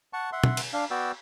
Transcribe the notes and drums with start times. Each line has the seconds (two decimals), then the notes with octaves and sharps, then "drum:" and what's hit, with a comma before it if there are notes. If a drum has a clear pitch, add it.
0.13 F#5 A5 C#6
0.32 E5 F#5 C6
0.44 drum: tom
0.57 drum: cymbal
0.73 D4 F5
0.91 B3 F#4 D5 G5 E6